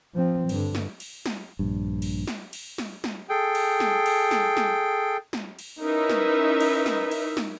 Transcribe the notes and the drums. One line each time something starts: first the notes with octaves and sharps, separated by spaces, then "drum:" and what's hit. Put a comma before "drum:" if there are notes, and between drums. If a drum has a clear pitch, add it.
F3 C4
G2 D3, drum: cymbal
drum: snare
drum: cymbal
drum: snare
A#1 G2
drum: cymbal
drum: snare
drum: cymbal
drum: snare
drum: snare
G#4 A4 G5
drum: cymbal
drum: snare
drum: cymbal
drum: snare
drum: snare
drum: snare
drum: cymbal
C#4 D#4 E4 A#4 B4 E5
drum: snare
drum: cymbal
drum: snare
drum: cymbal
drum: snare